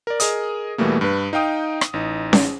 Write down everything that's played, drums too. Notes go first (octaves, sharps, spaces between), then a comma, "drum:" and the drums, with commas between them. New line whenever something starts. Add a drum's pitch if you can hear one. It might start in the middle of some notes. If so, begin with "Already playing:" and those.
A#4 D5
G#4 A#4 D#5 D#6, drum: hi-hat
E2 B2 E3 G3 A3 A#3
G2 B4
D#4 F5 G5 D#6
drum: rim click
A1 D#4
drum: snare C#4